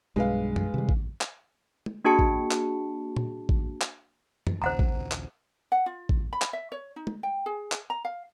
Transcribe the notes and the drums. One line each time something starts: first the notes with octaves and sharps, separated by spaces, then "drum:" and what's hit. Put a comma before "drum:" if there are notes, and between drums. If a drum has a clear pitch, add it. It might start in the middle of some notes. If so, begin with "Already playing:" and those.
B1 G2 G#3 B4 F5
drum: tom
C3 D#3 G3
drum: kick A1
drum: clap
drum: tom G#3
A#3 D4 F#4 G#4 A5 C#7
drum: kick A1
drum: clap
drum: tom A#2
drum: kick A1
drum: clap
drum: tom
A#1 D#2 C#3 C5 F#5 A#5
drum: kick A1
drum: clap
F#5
F4
drum: kick A1
B5
drum: clap
E5
C#5
D#4
drum: tom G#3
G5
G#4
drum: clap
A#5
F5